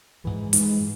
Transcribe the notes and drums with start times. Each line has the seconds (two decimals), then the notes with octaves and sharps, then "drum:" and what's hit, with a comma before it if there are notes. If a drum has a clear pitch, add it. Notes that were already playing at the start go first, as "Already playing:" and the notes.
0.24 G#2 E3 G#3
0.53 G#2 E3 G#3, drum: hi-hat